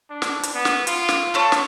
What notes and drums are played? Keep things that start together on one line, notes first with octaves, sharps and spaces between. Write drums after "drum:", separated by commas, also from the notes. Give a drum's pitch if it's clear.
D4
drum: snare
drum: hi-hat
B3
drum: snare
F4, drum: hi-hat
drum: snare
A3 A4 C#5
drum: snare